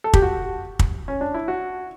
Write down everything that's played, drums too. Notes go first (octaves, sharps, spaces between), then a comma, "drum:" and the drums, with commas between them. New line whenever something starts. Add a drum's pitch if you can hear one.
A4
G4, drum: kick
F#4
drum: kick
C#4
D4
E4
F#4